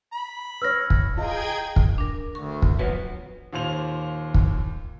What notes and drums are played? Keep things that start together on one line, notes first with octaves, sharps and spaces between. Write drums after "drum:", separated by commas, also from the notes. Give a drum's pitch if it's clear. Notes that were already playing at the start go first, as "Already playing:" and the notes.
B5
B4 C#5 E6 F6 A#6
drum: kick
F4 G#4 D#5 G5 A#5 G#6
drum: kick
D4 A#4
D2 C#6
drum: kick
F3 F#3 B3 B4
D#2 A#2 C5 F7
drum: kick